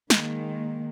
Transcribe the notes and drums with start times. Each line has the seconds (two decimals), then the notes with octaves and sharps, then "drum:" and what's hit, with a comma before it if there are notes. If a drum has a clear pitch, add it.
0.10 D#3 G#3 A#3, drum: snare